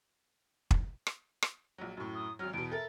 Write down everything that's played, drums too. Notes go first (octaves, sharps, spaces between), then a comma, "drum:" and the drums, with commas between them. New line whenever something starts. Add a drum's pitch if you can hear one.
drum: kick
drum: rim click
drum: rim click
A#1 F#3
F#2 A2
D#6
G#1 F#3 F6
E2 B2 D7
A4 A#4 E5 A6